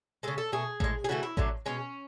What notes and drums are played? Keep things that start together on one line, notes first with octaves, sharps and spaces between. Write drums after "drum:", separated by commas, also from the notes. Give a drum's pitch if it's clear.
C#3 G#3 A4
A4
B2 A3 G#4
A2 G#3, drum: kick A1
G#4
C#3 E3 A3 F#4
E4
D3 F#3 A3, drum: kick A1
B2 G#3 C#4